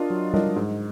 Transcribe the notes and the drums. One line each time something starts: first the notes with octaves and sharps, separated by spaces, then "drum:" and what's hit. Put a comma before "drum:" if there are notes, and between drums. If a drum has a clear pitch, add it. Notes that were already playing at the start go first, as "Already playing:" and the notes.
Already playing: D4 F4 A#4 D#5
F#3
D4 F4 A#4 D#5, drum: tom G3
G#2